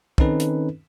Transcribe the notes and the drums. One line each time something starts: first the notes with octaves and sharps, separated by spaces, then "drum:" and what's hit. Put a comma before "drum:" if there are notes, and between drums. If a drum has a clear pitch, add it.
D#3 C4 C#4 D#4 A4 B4, drum: kick
drum: hi-hat